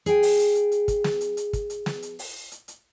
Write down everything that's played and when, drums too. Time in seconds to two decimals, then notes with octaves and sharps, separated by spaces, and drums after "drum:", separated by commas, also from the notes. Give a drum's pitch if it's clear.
0.06 G#4 G5, drum: hi-hat
0.23 drum: open hi-hat
0.39 drum: hi-hat
0.55 drum: hi-hat
0.72 drum: hi-hat
0.88 drum: kick, hi-hat
1.04 drum: snare
1.21 drum: hi-hat
1.37 drum: hi-hat
1.53 drum: kick, hi-hat
1.70 drum: hi-hat
1.86 drum: snare
2.02 drum: hi-hat
2.19 drum: open hi-hat
2.52 drum: hi-hat
2.68 drum: hi-hat